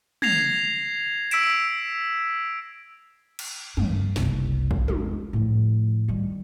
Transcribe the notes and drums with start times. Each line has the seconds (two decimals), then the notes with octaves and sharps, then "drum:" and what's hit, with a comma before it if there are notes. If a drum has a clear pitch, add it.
0.22 G#6 A#6 C7 F7, drum: tom
1.31 E6 B6 D7 E7, drum: hi-hat
3.39 drum: cymbal
3.77 G2, drum: tom
4.16 F#1 C2, drum: snare
4.71 drum: kick A1
4.88 F2 G#3, drum: tom
5.33 A2 F3
6.08 D#3 G3